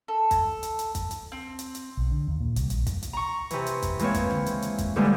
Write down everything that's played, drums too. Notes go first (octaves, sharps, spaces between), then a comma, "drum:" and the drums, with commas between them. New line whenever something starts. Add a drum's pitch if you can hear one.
A4
drum: kick, hi-hat
drum: hi-hat
drum: hi-hat
drum: kick, hi-hat
drum: hi-hat
C4
drum: hi-hat
drum: hi-hat
B1
D3
D#2
A#2
C2, drum: hi-hat
A#1, drum: hi-hat
drum: kick, hi-hat
drum: hi-hat
A#5 C#6
C3 E3, drum: hi-hat
drum: hi-hat
drum: kick, hi-hat
E3 G#3 A#3 C4 C#5, drum: hi-hat
drum: kick, hi-hat
drum: tom C#3
drum: hi-hat
drum: hi-hat
drum: kick, hi-hat
G#2 D3 E3 G3 G#3 A#3